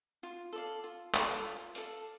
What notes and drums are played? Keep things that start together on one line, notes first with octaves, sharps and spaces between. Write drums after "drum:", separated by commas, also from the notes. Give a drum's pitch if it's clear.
F4
A4 D5 F5
F4
A4 D5 F5, drum: clap
F4
A4 D5 F5, drum: open hi-hat